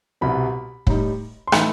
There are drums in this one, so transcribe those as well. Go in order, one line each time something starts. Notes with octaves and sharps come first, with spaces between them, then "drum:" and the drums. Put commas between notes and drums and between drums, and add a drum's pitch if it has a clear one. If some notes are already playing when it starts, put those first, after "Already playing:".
C2 B2 G3 C4 B5
A2 G3 D#4, drum: kick
C6
E3 A3 D#4 B5, drum: rim click